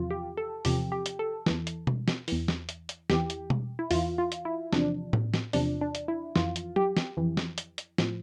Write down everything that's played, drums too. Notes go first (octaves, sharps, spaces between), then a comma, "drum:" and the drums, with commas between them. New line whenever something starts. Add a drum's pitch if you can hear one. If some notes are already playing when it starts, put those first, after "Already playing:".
Already playing: E2 C3 F3 F4
G4
A4
E2 C3 F3 G4, drum: open hi-hat
G4
drum: hi-hat
A4
E2 E3, drum: snare
drum: hi-hat
drum: tom B2
drum: snare
E2 E3, drum: open hi-hat
drum: snare
drum: hi-hat
drum: hi-hat
E2 E3 G4, drum: snare
drum: hi-hat
drum: tom B2
E4
E2 E3 F4, drum: open hi-hat
F4
drum: hi-hat
E4
E2 C3 F3 D4, drum: snare
drum: tom A2
drum: snare
E2 C3 F3 D4, drum: open hi-hat
D4
drum: hi-hat
E4
F2 E3 F4, drum: snare
drum: hi-hat
G4, drum: tom F#3
drum: snare
F2 E3
drum: snare
drum: hi-hat
drum: hi-hat
A2 F3, drum: snare